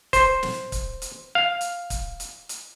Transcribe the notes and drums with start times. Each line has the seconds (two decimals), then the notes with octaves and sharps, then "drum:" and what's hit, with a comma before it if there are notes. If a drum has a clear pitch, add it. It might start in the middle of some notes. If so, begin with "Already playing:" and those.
0.13 C5, drum: kick, hi-hat
0.43 drum: snare
0.72 drum: kick, hi-hat
1.02 drum: hi-hat
1.35 F5
1.61 drum: hi-hat
1.90 drum: kick, hi-hat
2.20 drum: hi-hat
2.49 drum: hi-hat